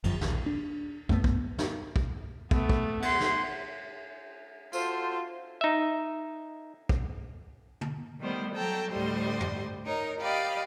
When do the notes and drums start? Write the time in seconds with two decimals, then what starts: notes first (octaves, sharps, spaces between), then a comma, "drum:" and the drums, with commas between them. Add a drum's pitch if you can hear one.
0.04 G1 F#2 F3, drum: cymbal
0.21 A#1 D#2, drum: snare
0.46 D4
1.09 F#2 A3 B3, drum: kick
1.24 drum: kick
1.58 drum: snare
1.96 drum: kick
2.51 A3 B3, drum: kick
2.69 drum: kick
3.02 F#5 C6, drum: cymbal
3.20 drum: snare
4.73 F4 F#4 A4 C5, drum: tambourine
5.61 D#4 E5
6.89 drum: kick
7.81 drum: tom
8.19 D#3 G3 A3 B3 C5
8.54 F#3 A4 G5 A5 A#5
8.92 D2 A2 G3 C5 D#5 C6
9.40 drum: tom
9.85 D#4 A#4 C#5
10.21 G4 D5 D#5 F5 G5 B5